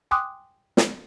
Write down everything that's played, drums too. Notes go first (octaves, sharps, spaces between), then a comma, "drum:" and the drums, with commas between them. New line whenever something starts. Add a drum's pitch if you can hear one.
G5 G#5 C6 D6 D#6 F#6
drum: snare